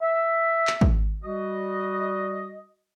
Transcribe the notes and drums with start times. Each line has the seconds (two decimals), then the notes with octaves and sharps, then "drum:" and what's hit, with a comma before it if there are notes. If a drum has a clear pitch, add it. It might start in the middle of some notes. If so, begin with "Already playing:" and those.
0.02 E5
0.67 drum: clap
0.81 drum: kick
1.23 G3 F#4 D#5